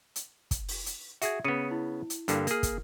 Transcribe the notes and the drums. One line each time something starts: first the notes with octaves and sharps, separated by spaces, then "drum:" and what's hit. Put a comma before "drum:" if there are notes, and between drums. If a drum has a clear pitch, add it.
drum: hi-hat
drum: kick, hi-hat
drum: open hi-hat
drum: hi-hat
F#4 G#4 E5 G#6, drum: hi-hat
C#3 B3 D#6 C#7 D#7
E4
drum: hi-hat
G2 D3 A#3, drum: hi-hat
A#3 G#4 A#4 F6, drum: hi-hat
drum: kick, hi-hat